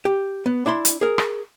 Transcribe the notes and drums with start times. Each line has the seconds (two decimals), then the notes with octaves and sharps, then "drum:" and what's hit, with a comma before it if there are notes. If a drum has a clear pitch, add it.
0.05 G4
0.46 B3
0.66 D4 E4 B5 C6
0.85 drum: hi-hat
1.01 G#4 A#4
1.18 drum: rim click